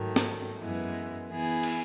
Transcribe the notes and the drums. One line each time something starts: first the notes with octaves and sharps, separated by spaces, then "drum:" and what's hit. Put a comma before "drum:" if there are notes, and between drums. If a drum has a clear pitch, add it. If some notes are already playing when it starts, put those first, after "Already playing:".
Already playing: G#2 D#3 F#3 A3
drum: snare
F#2 E3 G#3 B3
E3 B3 E4 G#4
drum: cymbal